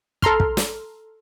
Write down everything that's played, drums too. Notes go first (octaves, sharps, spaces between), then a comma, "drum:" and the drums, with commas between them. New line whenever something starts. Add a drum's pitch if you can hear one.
A4 A#5 C6 F6, drum: kick
drum: kick
drum: snare